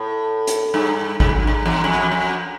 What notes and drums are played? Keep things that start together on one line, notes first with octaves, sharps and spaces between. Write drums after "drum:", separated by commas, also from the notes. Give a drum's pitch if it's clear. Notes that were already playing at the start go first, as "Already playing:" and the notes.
Already playing: A2
drum: hi-hat
G2
G2, drum: kick G#1
F2
G2
E2
F2
F2